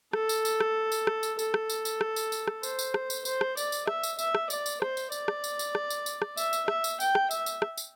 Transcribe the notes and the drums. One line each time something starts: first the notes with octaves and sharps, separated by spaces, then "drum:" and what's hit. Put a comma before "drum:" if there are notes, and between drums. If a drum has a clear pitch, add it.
A4, drum: rim click
drum: tambourine
drum: tambourine
drum: rim click
drum: tambourine
drum: rim click
drum: tambourine
A4, drum: tambourine
drum: rim click
drum: tambourine
drum: tambourine
drum: rim click
drum: tambourine
drum: tambourine
drum: rim click
C5, drum: tambourine
drum: tambourine
drum: rim click
drum: tambourine
C5, drum: tambourine
drum: rim click
D5, drum: tambourine
drum: tambourine
E5, drum: rim click
drum: tambourine
E5, drum: tambourine
drum: rim click
D5, drum: tambourine
drum: tambourine
C5, drum: rim click
drum: tambourine
D5, drum: tambourine
drum: rim click
drum: tambourine
drum: tambourine
drum: rim click
drum: tambourine
drum: tambourine
drum: rim click
E5, drum: tambourine
drum: tambourine
E5, drum: rim click
drum: tambourine
G5, drum: tambourine
drum: rim click
E5, drum: tambourine
drum: tambourine
drum: rim click
drum: tambourine